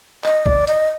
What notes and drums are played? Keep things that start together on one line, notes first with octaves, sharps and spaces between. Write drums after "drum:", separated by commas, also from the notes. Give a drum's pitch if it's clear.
D#5, drum: clap
D5, drum: kick
D#5, drum: hi-hat